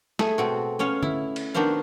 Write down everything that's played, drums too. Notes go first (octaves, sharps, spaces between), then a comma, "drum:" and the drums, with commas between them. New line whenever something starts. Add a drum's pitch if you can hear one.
A3 G#4, drum: snare
B2 C4 F#4
B3 C#4 C#5 F5
E4, drum: tom D3
drum: cymbal
D#3 B3 D4 F#4 C5 F5